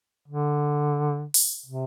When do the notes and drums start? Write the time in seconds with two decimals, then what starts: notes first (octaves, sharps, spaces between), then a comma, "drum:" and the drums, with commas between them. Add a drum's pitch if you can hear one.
0.28 D3
1.34 drum: open hi-hat
1.66 C3